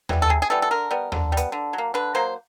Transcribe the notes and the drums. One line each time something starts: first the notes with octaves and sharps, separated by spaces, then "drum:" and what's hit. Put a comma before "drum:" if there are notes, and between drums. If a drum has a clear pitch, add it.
E3 G3 B3, drum: tom D#2
A4
C3 G#4
G#4
E3 G3 B3 A4
A4
D3 A#4
G3 B3
D3, drum: tom D#2
G3
B3, drum: hi-hat
D3
F#3
A#3
D3 B4
F#3 A#3 C5